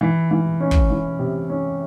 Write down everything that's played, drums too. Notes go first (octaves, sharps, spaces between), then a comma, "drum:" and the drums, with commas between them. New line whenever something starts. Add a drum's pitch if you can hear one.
E3
E3
C#4
drum: kick
E3
C3
C#4